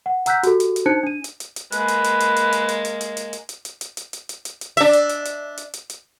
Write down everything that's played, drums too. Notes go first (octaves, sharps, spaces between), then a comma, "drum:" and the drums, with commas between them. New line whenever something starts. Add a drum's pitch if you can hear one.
F#5
F#5 A#5 E6 F#6 G6 B6, drum: hi-hat
F#4 G4 A4, drum: hi-hat
drum: hi-hat
drum: hi-hat
D4 D#4 C5 A5 F#6 C#7
D4 D#7
drum: hi-hat
drum: hi-hat
drum: hi-hat
G#3 A#3 B4, drum: hi-hat
drum: hi-hat
drum: hi-hat
drum: hi-hat
drum: hi-hat
drum: hi-hat
drum: hi-hat
drum: hi-hat
drum: hi-hat
drum: hi-hat
drum: hi-hat
drum: hi-hat
drum: hi-hat
drum: hi-hat
drum: hi-hat
drum: hi-hat
drum: hi-hat
drum: hi-hat
drum: hi-hat
D4 E5, drum: hi-hat
drum: hi-hat
drum: hi-hat
drum: hi-hat
drum: hi-hat
drum: hi-hat
drum: hi-hat